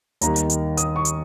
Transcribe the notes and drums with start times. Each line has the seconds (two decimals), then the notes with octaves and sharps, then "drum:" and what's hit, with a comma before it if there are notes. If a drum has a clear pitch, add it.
0.21 D#2 D#3 G3 A#5, drum: hi-hat
0.36 drum: hi-hat
0.50 drum: hi-hat
0.77 D#6, drum: hi-hat
0.96 C#6
1.05 drum: hi-hat